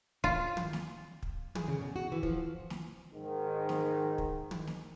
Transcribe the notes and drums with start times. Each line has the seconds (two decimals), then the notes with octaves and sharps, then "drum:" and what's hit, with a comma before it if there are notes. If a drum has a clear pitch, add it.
0.24 F4, drum: kick
0.57 drum: tom
0.73 drum: snare
1.22 drum: kick
1.55 G#4, drum: tom
1.68 C#3
1.81 B2
1.96 F#4
2.12 E3
2.23 F3, drum: kick
2.70 drum: snare
3.14 G#2 D#3
3.69 drum: snare
4.18 drum: kick
4.51 drum: tom
4.67 drum: snare